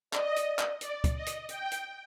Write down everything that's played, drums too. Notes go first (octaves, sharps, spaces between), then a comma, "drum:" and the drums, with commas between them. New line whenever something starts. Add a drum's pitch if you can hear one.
D5 D#5, drum: clap
drum: hi-hat
drum: clap
D5, drum: hi-hat
drum: kick, hi-hat
D#5
drum: hi-hat
G5, drum: hi-hat
drum: hi-hat